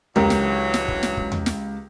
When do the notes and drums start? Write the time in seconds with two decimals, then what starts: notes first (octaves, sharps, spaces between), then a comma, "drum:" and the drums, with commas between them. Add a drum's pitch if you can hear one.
0.16 C#2 D3 E3 F#3 G4 A#4, drum: tom E2
0.30 drum: snare
0.74 drum: snare
0.88 drum: kick
1.03 drum: snare
1.17 drum: kick
1.32 drum: tom E2
1.46 drum: snare